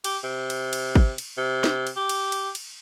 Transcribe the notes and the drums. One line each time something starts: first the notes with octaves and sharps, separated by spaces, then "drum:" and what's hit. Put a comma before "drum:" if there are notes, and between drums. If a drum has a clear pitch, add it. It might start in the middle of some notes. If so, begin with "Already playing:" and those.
G4, drum: cymbal
C3
drum: cymbal
drum: cymbal
drum: kick
drum: cymbal
C3
drum: snare
drum: cymbal
G4
drum: cymbal
drum: cymbal
drum: cymbal